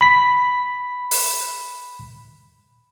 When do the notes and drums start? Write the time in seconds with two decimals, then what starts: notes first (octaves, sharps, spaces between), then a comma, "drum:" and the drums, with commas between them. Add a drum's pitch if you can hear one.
0.01 B5 B6
1.11 drum: open hi-hat